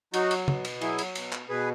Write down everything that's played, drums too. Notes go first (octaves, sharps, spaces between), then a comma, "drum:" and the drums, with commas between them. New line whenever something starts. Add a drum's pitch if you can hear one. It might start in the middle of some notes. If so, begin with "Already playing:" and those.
F#3 D#4 F#4, drum: cymbal
drum: cymbal
B2, drum: tom
drum: cymbal
F#3 E4 G#4, drum: cymbal
drum: cymbal
B2, drum: cymbal
drum: clap
B2 G#4 B4